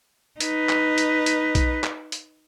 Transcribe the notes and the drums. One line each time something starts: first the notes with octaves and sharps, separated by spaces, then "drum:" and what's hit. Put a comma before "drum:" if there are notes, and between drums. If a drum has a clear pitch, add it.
D#4 B4, drum: hi-hat
drum: clap
drum: hi-hat
drum: hi-hat
drum: kick B1, hi-hat
drum: clap
drum: hi-hat